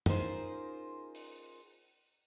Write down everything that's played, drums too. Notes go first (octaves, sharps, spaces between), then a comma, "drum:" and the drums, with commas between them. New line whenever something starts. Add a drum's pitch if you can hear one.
C#4 D#4 F4 G#4 A#4 C5, drum: tom F#2
drum: open hi-hat